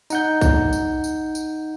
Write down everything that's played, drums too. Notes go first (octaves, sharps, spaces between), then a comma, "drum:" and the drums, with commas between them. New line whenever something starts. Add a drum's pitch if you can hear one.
D#4 F#5 G6, drum: tambourine
drum: kick A#1, tambourine
drum: tambourine
drum: tambourine
drum: tambourine